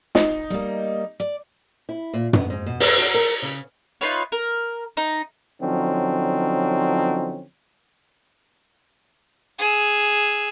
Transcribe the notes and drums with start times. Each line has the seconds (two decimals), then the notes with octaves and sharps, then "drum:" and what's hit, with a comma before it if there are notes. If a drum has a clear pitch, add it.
0.15 D#4, drum: snare
0.50 G3 A#3
1.20 D5
1.89 E4
2.13 A#2
2.33 B3, drum: tom
2.50 G#2
2.66 B2
2.80 B4, drum: open hi-hat
2.98 F#4
3.14 A#4
3.42 C#3
4.01 D#4 F4 B4 C#5
4.32 A#4
4.97 D#4
5.62 D3 F3 F#3 C4 C#4 D#4
9.59 G#4 E6